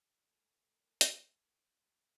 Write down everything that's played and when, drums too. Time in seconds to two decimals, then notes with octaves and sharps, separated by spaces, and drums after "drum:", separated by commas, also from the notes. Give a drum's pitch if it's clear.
0.24 A3 A4 A#4 G#5
1.01 drum: hi-hat